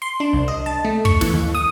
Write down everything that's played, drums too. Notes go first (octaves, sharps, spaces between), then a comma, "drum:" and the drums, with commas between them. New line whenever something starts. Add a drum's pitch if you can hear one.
C6
D4
C2
D#5
A5
A3
C#6, drum: kick
E3, drum: snare
D#2
D#6